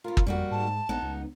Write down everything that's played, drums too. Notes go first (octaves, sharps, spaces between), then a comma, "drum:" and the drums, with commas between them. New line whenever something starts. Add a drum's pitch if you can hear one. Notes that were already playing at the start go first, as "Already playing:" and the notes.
B3 F4 A#4
drum: kick
F2 G3 A#3 F#4
G#2 A5
A#1 B3 D#4
C#2